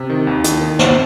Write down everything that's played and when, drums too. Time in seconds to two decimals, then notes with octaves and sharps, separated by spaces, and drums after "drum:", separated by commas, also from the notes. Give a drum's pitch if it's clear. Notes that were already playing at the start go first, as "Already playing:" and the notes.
Already playing: C3
0.10 D#3
0.27 D#2
0.44 D#2, drum: hi-hat
0.62 D#3
0.79 C4, drum: snare